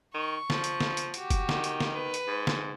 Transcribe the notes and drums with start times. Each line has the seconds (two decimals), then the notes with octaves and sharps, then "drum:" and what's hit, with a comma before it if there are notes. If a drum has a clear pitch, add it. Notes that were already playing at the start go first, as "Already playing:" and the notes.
0.14 D#3 C#6
0.50 F3, drum: snare
0.64 drum: hi-hat
0.80 drum: snare
0.97 drum: hi-hat
1.14 F#4 G4, drum: hi-hat
1.30 drum: kick F1, hi-hat
1.49 D#3, drum: snare
1.64 drum: hi-hat
1.80 drum: snare
1.93 B4
2.14 drum: hi-hat
2.27 G#2
2.47 drum: snare